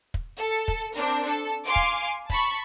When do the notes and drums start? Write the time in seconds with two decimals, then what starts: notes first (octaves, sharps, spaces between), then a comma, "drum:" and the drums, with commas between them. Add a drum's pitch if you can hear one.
0.14 drum: kick
0.37 A4
0.68 drum: kick
0.94 C4 D4 A#4
1.25 A4
1.66 F5 G#5 C6 D6
1.76 drum: kick
2.30 A5 B5 C#6, drum: kick